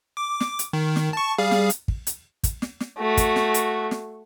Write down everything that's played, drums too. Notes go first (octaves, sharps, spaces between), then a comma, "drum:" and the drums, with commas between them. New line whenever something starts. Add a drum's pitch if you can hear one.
D6
drum: snare
drum: hi-hat
D#3
drum: snare
A5 C#6
G3 G#4 F5
drum: snare
drum: hi-hat
drum: kick
drum: hi-hat
drum: kick, hi-hat
drum: snare
drum: snare
A3 F#4
drum: kick, hi-hat
drum: snare
drum: hi-hat
drum: snare